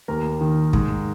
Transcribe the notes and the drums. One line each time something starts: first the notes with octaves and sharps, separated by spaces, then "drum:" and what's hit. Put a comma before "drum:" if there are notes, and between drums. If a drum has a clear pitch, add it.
D#2 A#4
D#3
G#2, drum: kick